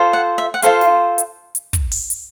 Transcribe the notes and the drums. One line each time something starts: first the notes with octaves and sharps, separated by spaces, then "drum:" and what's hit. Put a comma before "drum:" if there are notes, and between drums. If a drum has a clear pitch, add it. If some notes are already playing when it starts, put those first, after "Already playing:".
Already playing: F4 A4 C5
F#5
E5
F#5
F4 A4 C5 F5, drum: hi-hat
drum: snare
drum: hi-hat
drum: hi-hat
drum: kick, hi-hat
drum: open hi-hat
drum: hi-hat